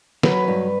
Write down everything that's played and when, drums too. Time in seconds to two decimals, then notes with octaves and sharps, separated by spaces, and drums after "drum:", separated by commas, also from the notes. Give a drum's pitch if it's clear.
0.23 F#3 B4, drum: snare
0.48 G2